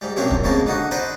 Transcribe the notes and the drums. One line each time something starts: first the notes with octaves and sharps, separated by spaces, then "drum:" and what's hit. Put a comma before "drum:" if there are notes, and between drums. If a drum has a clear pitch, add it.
G#2 G3
B1 F#2 A#2 C4 D4 C#5
drum: kick
F2 G#2 C#3 A#3 A5
D3 D#4 F#4
D4 D#4 B4 C5 D5